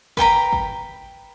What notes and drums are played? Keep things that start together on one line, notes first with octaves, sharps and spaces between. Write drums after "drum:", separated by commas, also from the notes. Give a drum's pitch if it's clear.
B4 G5 A#5 B5, drum: kick
drum: kick